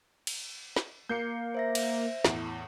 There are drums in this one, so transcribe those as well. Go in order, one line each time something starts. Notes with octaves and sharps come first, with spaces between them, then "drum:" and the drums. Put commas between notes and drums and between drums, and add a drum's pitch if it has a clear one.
drum: cymbal
drum: snare
A#3 G6 C7 C#7
C5 E5 A#6
drum: cymbal
E2 A2, drum: snare